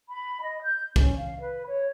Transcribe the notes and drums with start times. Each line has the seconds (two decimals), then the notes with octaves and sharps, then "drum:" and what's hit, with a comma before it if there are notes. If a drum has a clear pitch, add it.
0.09 B5
0.41 D#5
0.62 G6
0.96 C#4, drum: kick C2
1.16 F5
1.40 B4
1.66 C#5